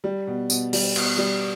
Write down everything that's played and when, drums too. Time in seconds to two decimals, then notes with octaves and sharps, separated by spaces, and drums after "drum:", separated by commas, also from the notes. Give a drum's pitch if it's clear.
0.04 G3
0.27 B2
0.50 B2, drum: tambourine
0.73 G3, drum: open hi-hat
0.96 B2, drum: cymbal
1.18 G3